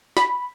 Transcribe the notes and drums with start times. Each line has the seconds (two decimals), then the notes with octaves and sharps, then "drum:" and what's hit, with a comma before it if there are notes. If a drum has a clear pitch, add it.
0.17 B5, drum: snare